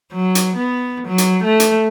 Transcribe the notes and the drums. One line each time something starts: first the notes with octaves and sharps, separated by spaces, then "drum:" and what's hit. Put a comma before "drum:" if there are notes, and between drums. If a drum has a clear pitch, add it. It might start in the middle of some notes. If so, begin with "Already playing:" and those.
F#3
drum: hi-hat
B3
F#3
drum: hi-hat
A3
drum: hi-hat